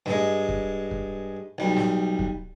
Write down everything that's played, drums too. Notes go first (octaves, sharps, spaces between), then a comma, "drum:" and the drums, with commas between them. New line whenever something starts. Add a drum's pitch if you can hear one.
G2 G#3, drum: snare
drum: kick
drum: kick
B1 G3
drum: snare
drum: kick